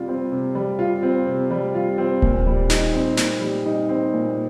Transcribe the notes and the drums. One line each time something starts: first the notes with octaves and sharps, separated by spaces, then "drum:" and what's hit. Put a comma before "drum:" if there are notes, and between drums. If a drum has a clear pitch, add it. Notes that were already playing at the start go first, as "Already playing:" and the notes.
Already playing: C3 G3 F4
C4
C3
G3
F4
C4
C3
G3
F4
C4
A#2, drum: kick D1
G3
D#4, drum: snare
C4
A#2, drum: snare
G3
D#4
C4
A#2